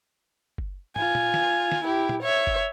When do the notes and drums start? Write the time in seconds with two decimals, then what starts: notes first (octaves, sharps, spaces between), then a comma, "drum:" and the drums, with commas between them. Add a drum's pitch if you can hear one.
0.58 drum: kick F#1
0.96 F4 G#5, drum: tom
1.15 drum: tom A#2
1.34 drum: snare
1.72 drum: snare
1.85 E4 G4
2.09 drum: tom A#2
2.23 C#5 E5
2.47 drum: kick F#1